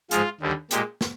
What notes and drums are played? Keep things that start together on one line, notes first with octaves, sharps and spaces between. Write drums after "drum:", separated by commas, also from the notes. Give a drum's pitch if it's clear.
G#2 F3 G#3 F4, drum: hi-hat
D#2 D3 G3
A#2 G#3 G4, drum: hi-hat
drum: snare